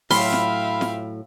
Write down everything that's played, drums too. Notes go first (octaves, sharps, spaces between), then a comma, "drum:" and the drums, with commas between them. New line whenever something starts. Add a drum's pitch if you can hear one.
A2 F#3 E5 F5 G5 B5 C6 F6, drum: open hi-hat
drum: snare
drum: snare